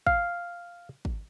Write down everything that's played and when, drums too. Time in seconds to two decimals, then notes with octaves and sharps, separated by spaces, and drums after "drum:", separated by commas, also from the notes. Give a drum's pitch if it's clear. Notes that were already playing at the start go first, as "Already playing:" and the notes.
0.07 F5, drum: kick
1.05 drum: kick